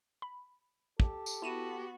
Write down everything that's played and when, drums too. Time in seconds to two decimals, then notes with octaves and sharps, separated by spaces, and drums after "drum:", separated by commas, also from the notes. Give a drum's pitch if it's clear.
0.22 B5
1.00 G4 A4, drum: kick
1.26 drum: tambourine
1.42 B3 E4 F#4 D#7 E7